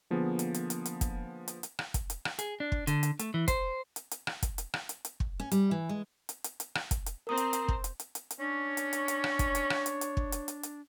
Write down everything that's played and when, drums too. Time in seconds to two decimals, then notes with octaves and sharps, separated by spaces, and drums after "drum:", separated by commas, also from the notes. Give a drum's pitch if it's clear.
0.10 D3 F3 A#3 B3 G#4
0.39 drum: hi-hat
0.54 drum: hi-hat
0.70 drum: hi-hat
0.86 drum: hi-hat
1.01 drum: kick, hi-hat
1.48 drum: hi-hat
1.63 drum: hi-hat
1.79 drum: rim click
1.94 drum: kick, hi-hat
2.10 drum: hi-hat
2.25 drum: rim click
2.39 G#4, drum: hi-hat
2.60 D4
2.72 drum: kick
2.87 D3, drum: hi-hat
3.03 drum: hi-hat
3.19 A3, drum: hi-hat
3.34 E3
3.48 C5, drum: kick, hi-hat
3.96 drum: hi-hat
4.11 drum: hi-hat
4.27 drum: rim click
4.43 drum: kick, hi-hat
4.58 drum: hi-hat
4.74 drum: rim click
4.89 drum: hi-hat
5.05 drum: hi-hat
5.20 drum: kick
5.40 C#4
5.52 G3, drum: hi-hat
5.71 E3
5.89 G#3
6.29 drum: hi-hat
6.44 drum: hi-hat
6.60 drum: hi-hat
6.75 drum: rim click
6.91 drum: kick, hi-hat
7.06 drum: hi-hat
7.27 C4 A#4 C5 A#5 D#6
7.37 drum: hi-hat
7.53 drum: hi-hat
7.68 drum: kick
7.84 drum: hi-hat
7.99 drum: hi-hat
8.15 drum: hi-hat
8.31 drum: hi-hat
8.40 C#4 D4 C#5
8.77 drum: hi-hat
8.93 drum: hi-hat
9.08 drum: hi-hat
9.24 drum: rim click
9.39 drum: kick, hi-hat
9.55 drum: hi-hat
9.70 drum: rim click
9.86 drum: hi-hat
10.01 drum: hi-hat
10.17 drum: kick
10.32 drum: hi-hat
10.48 drum: hi-hat
10.63 drum: hi-hat